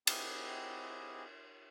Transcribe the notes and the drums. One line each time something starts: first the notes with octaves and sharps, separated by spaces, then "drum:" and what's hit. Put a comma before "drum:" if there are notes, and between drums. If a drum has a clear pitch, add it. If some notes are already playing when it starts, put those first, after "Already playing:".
C4 E4 G4 G#4 D#5 F#5, drum: cymbal